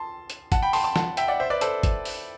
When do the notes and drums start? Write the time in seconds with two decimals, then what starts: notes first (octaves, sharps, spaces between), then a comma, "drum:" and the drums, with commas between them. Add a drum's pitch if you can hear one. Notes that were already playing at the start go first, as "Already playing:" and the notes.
Already playing: A5 C6
0.30 drum: hi-hat
0.52 F#5 A5, drum: kick, hi-hat
0.62 G5 B5
0.73 A5 C6, drum: open hi-hat
0.84 A5 C6
0.96 F#5 A5, drum: snare
1.17 E5 G5, drum: hi-hat
1.28 D5 F#5
1.40 C5 E5
1.50 B4 D5
1.61 A4 C5, drum: hi-hat
1.83 drum: kick, hi-hat
2.05 drum: open hi-hat